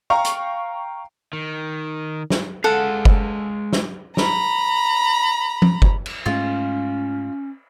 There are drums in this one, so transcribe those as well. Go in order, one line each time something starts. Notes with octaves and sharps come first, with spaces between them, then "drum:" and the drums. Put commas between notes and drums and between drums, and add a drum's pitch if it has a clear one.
F5 G5 A#5 C#6
drum: hi-hat
D#3
drum: snare
G#3 A4 F5 F#5
drum: kick F#1
drum: snare
A#5 B5, drum: snare
drum: tom F3
drum: kick F#1
drum: cymbal
G#2 G#3 A3 C#4 F4